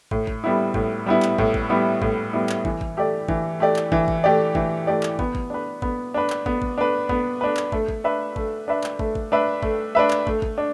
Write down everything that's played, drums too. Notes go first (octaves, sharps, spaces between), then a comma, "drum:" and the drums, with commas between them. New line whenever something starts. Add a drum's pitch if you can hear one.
A2, drum: kick
drum: kick
G3 B3 E4
A2, drum: kick
G3 B3 E4
drum: clap
A2, drum: kick
drum: kick
G3 B3 E4
A2, drum: kick
G3 B3 E4
drum: clap
E3, drum: kick
drum: kick
A3 G4 D5
E3, drum: kick
A3 G4 D5
drum: clap
E3, drum: kick
drum: kick
A3 G4 D5
E3, drum: kick
A3 G4 D5
drum: clap
B3, drum: kick
drum: kick
D4 B4
B3, drum: kick
D4 B4
drum: clap
B3, drum: kick
drum: kick
D4 B4
B3, drum: kick
D4 B4
drum: clap
A3, drum: kick
drum: kick
D4 B4 E5
A3, drum: kick
D4 B4 E5
drum: clap
A3, drum: kick
drum: kick
D4 B4 E5
A3, drum: kick
D4 B4 E5
drum: clap
A3, drum: kick
drum: kick
D4